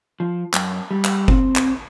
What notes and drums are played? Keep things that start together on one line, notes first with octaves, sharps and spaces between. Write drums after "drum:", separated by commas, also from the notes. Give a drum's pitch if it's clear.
F3
F#2, drum: clap
G3
drum: clap
C4, drum: kick F#1
drum: clap